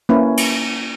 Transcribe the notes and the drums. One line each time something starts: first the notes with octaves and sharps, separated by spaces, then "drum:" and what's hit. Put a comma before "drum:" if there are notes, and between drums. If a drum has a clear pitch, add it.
A#3 C#4 E4 B4
drum: cymbal